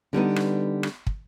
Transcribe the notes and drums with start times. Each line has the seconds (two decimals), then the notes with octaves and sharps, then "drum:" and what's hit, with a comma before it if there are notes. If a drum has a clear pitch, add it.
0.13 D3 G3 B3 D#4
0.36 drum: rim click
0.83 drum: rim click
1.07 drum: kick